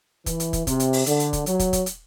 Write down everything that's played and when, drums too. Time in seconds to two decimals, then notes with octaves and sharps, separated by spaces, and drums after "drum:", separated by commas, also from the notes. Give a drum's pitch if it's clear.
0.26 E3, drum: kick, hi-hat
0.40 drum: hi-hat
0.53 drum: kick, hi-hat
0.67 C3, drum: kick, hi-hat
0.80 drum: hi-hat
0.93 drum: open hi-hat
1.06 D3, drum: hi-hat
1.20 drum: hi-hat
1.33 drum: kick, hi-hat
1.46 F#3, drum: hi-hat
1.59 drum: kick, hi-hat
1.73 drum: kick, hi-hat
1.86 drum: hi-hat